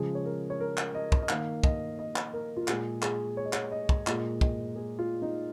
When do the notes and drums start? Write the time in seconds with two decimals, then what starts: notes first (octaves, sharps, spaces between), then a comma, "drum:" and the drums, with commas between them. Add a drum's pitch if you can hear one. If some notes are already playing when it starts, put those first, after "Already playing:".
Already playing: C#3 F3 G#3 G#4
0.15 C#5
0.25 A#4
0.50 C#5
0.61 A#4
0.77 drum: clap
0.95 D#5
1.12 drum: kick
1.22 D#5
1.29 D#3 A#3 F5, drum: clap
1.64 D#5, drum: kick
1.99 D#5
2.16 drum: clap
2.33 A#4
2.57 F4
2.68 A#2 G#3 G#4, drum: clap
3.02 G#4, drum: clap
3.37 C#5
3.45 D#5
3.53 C#5, drum: clap
3.72 D#5
3.89 drum: kick
4.07 A#2 G#3 D#5, drum: clap
4.41 D#5, drum: kick
4.76 G#4
4.99 F4
5.22 D#4